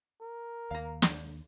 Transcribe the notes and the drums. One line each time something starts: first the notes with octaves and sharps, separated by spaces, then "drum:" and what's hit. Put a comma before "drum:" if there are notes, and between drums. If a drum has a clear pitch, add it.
A#4
D#2 F5 A#5
drum: snare